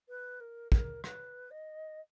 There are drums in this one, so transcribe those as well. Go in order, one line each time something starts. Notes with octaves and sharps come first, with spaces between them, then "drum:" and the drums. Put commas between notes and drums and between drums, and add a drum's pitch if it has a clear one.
B4
A#4
A#4, drum: kick
B4, drum: rim click
D#5